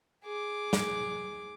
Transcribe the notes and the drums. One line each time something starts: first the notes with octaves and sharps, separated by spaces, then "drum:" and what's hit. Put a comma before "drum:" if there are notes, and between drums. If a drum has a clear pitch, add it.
G#4 D6
drum: snare